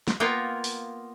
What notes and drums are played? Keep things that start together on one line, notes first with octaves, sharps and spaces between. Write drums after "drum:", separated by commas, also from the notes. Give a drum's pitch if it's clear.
drum: snare
A#3 B3 F4 A#4 G5
drum: open hi-hat